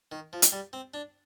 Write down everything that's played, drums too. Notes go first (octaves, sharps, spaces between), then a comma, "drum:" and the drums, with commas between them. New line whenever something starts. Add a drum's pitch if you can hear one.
D#3
F3
drum: hi-hat
G3
C4
D4